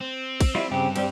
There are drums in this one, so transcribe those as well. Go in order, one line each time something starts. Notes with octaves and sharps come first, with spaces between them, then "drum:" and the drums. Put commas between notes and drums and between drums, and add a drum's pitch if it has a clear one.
C4
drum: kick, cymbal
G3 E4 F4
G2 C#3 C4 G4
G3 C4 G4, drum: cymbal